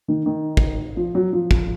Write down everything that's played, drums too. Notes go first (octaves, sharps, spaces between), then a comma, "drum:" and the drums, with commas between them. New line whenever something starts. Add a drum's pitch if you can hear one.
D#3
D#3
drum: kick
F3
F#3
F3
drum: kick